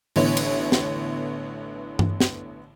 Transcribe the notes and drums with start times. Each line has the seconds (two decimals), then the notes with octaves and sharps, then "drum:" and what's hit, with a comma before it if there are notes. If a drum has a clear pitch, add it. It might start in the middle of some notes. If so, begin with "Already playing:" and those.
0.16 A1 D3 B3 E4 C#5, drum: open hi-hat
0.37 drum: cymbal
0.72 drum: snare
1.99 drum: tom G2
2.20 drum: snare